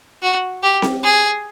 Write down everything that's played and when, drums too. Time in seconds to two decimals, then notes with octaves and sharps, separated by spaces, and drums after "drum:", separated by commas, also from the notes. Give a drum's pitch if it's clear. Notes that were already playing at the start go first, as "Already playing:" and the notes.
0.22 F#4
0.63 G4
0.82 drum: snare C4
1.03 G#4